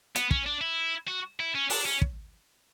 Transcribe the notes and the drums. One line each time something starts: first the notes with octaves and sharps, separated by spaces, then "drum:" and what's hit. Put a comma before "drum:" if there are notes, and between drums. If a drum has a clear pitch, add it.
B3, drum: hi-hat
C#4, drum: kick
D4
E4
F#4
E4
C#4
D4, drum: open hi-hat
C#4
drum: kick